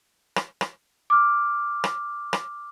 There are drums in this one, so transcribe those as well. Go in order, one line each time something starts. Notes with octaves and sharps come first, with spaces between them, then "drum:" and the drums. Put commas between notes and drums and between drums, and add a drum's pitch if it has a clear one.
drum: rim click
drum: rim click
D6 F6
drum: rim click
drum: rim click